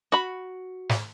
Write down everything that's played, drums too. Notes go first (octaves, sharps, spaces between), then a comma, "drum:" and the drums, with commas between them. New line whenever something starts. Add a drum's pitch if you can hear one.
F#4 B5
drum: snare